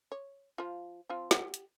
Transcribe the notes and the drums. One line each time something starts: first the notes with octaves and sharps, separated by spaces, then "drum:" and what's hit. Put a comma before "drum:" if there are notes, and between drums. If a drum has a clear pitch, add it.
C#5
F3 F4
F3 C4 F4
G4 F#5, drum: snare
drum: hi-hat